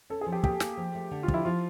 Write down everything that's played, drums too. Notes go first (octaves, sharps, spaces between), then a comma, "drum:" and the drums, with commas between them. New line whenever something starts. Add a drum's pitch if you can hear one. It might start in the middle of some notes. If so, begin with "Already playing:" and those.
C#4 A4
G#4
F3
G4
A#3 G4, drum: kick
A#3, drum: snare
F3
A3
D3
F4
F3, drum: kick
E4
F3 F4